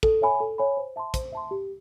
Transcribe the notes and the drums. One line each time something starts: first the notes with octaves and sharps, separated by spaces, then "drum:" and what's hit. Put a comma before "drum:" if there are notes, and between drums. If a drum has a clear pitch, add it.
A4, drum: kick
C#5 E5 G#5 B5
A4
C#5 E5 G#5 B5
C5
E5 A5 C6
C5, drum: kick, hi-hat
E5 A5 C6
G4